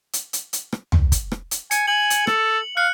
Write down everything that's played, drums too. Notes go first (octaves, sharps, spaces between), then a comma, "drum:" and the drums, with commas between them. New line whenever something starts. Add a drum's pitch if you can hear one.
drum: hi-hat
drum: hi-hat
drum: hi-hat
drum: rim click
drum: tom
drum: kick, hi-hat
drum: rim click
drum: hi-hat
G#5 C#7, drum: hi-hat
G#5 F#7
drum: hi-hat
A4, drum: rim click
F5 F#6 C#7